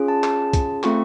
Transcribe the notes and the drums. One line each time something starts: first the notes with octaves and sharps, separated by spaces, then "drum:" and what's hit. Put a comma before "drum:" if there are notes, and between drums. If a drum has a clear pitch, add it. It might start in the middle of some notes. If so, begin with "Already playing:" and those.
Already playing: C#4 F4 G#4
A5
drum: clap
drum: kick B1, hi-hat
A3 C4 F4 A4 C#6, drum: clap